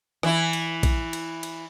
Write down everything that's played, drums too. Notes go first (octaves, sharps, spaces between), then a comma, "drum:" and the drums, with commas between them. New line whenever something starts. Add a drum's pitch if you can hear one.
E3 E4, drum: rim click
drum: cymbal
drum: kick A#1, cymbal
drum: cymbal
drum: cymbal